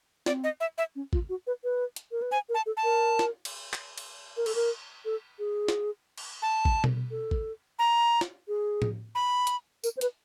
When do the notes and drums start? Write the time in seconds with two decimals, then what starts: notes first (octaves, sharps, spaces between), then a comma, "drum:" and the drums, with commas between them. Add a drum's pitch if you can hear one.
0.26 C4 D5, drum: snare
0.44 D#5
0.60 E5
0.78 E5
0.95 C#4
1.13 F4, drum: kick
1.29 F#4
1.47 B4
1.64 B4
1.96 drum: hi-hat
2.11 A#4
2.22 B4
2.31 C5 G#5
2.49 A#4
2.54 A5
2.66 A4
2.77 A5
2.84 A#4
3.19 drum: snare
3.45 drum: cymbal
3.73 drum: clap
3.98 drum: cymbal
4.37 A#4
4.46 A4, drum: cymbal
4.55 A#4
5.05 A4
5.39 G#4
5.68 drum: snare
6.18 drum: cymbal
6.42 A5
6.65 drum: kick
6.84 drum: tom B2
7.11 A4
7.31 drum: kick
7.79 A#5
8.21 drum: snare
8.48 G#4
8.82 drum: tom A2
9.15 B5
9.47 drum: hi-hat
9.84 A#4, drum: tambourine
9.97 C5
10.01 B4, drum: hi-hat